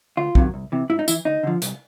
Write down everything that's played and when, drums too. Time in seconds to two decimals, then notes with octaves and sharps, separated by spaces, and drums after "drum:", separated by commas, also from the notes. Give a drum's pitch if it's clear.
0.17 D2 F4
0.35 C3 D#3 F#3, drum: kick
0.54 C2
0.72 C3 E3
0.90 G#2 E4
0.99 D#4
1.08 E3 E4, drum: tambourine
1.25 D2 D#4
1.43 D3 F3
1.62 C2, drum: hi-hat